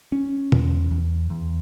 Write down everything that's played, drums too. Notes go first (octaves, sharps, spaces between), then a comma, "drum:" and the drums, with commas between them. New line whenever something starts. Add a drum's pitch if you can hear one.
C#4
E2, drum: tom
E2
E2